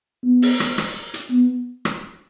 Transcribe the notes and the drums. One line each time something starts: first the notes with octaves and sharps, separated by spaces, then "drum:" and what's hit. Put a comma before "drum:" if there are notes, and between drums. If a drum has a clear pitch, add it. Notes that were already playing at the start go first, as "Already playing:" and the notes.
B3
drum: open hi-hat
drum: rim click
drum: rim click
drum: hi-hat
B3
drum: rim click